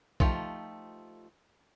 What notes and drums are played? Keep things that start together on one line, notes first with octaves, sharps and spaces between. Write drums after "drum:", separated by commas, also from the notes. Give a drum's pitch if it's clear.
F3 A3 D#4 F4 G4, drum: kick B1